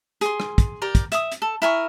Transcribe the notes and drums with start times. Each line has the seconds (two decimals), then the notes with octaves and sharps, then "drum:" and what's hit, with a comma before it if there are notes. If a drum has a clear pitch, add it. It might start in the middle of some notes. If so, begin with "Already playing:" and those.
0.21 G#4 C6, drum: hi-hat
0.40 drum: rim click
0.58 drum: kick, hi-hat
0.82 G4 A#4 D5
0.95 drum: kick, hi-hat
1.12 E5 D#6, drum: hi-hat
1.32 drum: hi-hat
1.42 A4
1.62 E4 A#4 G#5 C#6